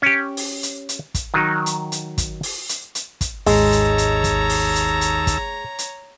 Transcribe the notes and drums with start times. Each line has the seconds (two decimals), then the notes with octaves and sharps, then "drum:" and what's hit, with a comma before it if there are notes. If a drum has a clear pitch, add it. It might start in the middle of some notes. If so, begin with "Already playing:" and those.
0.02 C#4 G4
0.37 drum: open hi-hat
0.63 drum: hi-hat
0.89 drum: hi-hat
1.15 drum: kick, hi-hat
1.34 D#3 F#3 D#4
1.66 drum: hi-hat
1.92 drum: hi-hat
2.18 drum: kick, hi-hat
2.43 drum: open hi-hat
2.69 drum: hi-hat
2.95 drum: hi-hat
3.21 drum: kick, hi-hat
3.47 G#1 D#2 G#3 C#5 A5 A#5 E6, drum: open hi-hat
3.72 drum: hi-hat
3.98 drum: hi-hat
4.24 drum: kick, hi-hat
4.50 drum: open hi-hat
4.75 drum: hi-hat
5.01 drum: hi-hat
5.27 drum: kick, hi-hat
5.79 drum: hi-hat